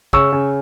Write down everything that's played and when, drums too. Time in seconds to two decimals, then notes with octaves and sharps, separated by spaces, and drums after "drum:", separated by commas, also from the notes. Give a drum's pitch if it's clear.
0.13 C#3 C#6 E6, drum: kick
0.32 C#3